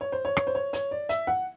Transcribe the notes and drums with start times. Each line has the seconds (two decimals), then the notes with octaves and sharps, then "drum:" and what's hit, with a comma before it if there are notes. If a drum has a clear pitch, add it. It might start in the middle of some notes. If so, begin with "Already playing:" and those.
0.01 C#5
0.12 C5
0.25 C#5
0.37 C#5, drum: rim click
0.47 C5
0.55 C#5
0.73 C#5, drum: hi-hat
0.91 D5
1.09 E5, drum: hi-hat
1.27 F#5